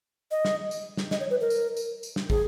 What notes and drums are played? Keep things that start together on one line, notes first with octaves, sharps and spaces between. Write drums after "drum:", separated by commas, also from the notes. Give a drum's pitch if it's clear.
D#5
drum: snare
drum: tambourine
drum: snare
D#5, drum: snare
C#5
B4
A#4
drum: tambourine
drum: tambourine
drum: tambourine
drum: snare
G#4, drum: kick